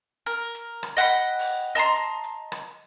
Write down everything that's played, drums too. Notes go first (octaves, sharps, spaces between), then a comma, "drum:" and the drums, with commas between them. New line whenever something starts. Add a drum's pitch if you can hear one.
A#4, drum: hi-hat
drum: hi-hat
drum: rim click
D#5 F#5 G5 B5
drum: hi-hat
drum: open hi-hat
D#5 A5 A#5 C6
drum: hi-hat
drum: hi-hat
drum: rim click